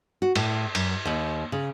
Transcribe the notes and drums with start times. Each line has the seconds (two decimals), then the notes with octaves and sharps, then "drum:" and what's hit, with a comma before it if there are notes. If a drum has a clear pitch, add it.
0.22 F#4
0.35 A2, drum: cymbal
0.75 F#2, drum: cymbal
1.05 D#2
1.52 C#3